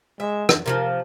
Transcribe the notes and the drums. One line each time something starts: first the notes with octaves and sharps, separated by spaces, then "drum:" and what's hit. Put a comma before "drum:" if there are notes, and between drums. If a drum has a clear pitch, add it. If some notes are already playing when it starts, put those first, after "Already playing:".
G#3 E5
drum: rim click
C3 D#3 F3 A#4